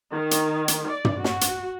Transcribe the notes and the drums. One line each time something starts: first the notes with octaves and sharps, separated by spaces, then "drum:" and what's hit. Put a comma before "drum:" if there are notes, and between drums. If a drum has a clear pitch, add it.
D#3
drum: hi-hat
drum: hi-hat
D5
drum: tom
F#4, drum: snare
drum: hi-hat